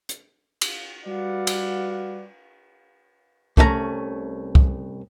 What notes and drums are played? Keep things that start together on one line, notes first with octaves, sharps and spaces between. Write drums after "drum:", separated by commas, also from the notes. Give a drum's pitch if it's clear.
drum: hi-hat
drum: cymbal
G3 F#4 B4 D5 F5 F#5
drum: cymbal
C2 A3 C#4 E5 A#5, drum: kick C2
drum: kick C2